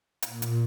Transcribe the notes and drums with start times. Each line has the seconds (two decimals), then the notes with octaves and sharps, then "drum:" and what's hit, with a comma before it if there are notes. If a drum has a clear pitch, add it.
0.22 A#2, drum: hi-hat
0.42 drum: hi-hat